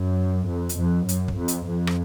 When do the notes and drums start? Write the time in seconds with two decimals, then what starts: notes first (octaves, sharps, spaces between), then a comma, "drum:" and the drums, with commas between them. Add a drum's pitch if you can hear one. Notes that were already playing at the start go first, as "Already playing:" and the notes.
Already playing: F#2
0.50 F2
0.69 drum: hi-hat
0.79 F2
1.09 F#2, drum: hi-hat
1.28 drum: kick
1.38 F2
1.48 drum: hi-hat
1.68 F2
1.87 drum: rim click